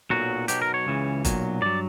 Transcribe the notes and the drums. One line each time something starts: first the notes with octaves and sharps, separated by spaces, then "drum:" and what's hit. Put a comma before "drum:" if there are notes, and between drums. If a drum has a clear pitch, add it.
B1 A#2 F#3 F#4
B1 B2 F#3 G4, drum: hi-hat
A#4
C#5
C#2 C#3 E3
B1 A#2 F#3, drum: kick G1, hi-hat
G2 F#3 D5